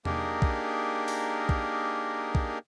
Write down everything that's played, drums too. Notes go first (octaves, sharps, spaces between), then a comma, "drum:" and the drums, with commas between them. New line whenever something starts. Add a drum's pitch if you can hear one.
A#3 D4 D#4 G4 G#4 A#4, drum: tom E2
drum: kick
drum: open hi-hat
drum: kick
drum: kick